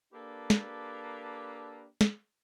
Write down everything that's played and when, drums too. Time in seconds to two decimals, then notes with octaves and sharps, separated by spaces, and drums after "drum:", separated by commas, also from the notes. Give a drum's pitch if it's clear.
0.12 A#3 D4 G4 A4 B4
0.50 drum: snare
2.01 drum: snare